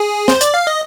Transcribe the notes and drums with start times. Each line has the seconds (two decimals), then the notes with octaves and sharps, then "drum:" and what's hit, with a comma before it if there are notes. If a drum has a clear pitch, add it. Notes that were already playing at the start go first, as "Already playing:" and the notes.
Already playing: G#4
0.28 C5, drum: snare
0.41 D5, drum: hi-hat
0.54 F5
0.67 D#5